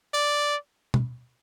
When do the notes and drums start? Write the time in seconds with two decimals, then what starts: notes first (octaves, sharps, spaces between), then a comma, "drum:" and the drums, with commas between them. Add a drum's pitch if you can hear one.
0.14 D5
0.94 drum: tom